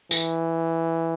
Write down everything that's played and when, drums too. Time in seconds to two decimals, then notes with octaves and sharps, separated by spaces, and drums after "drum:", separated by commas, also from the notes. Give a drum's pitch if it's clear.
0.11 E3, drum: tambourine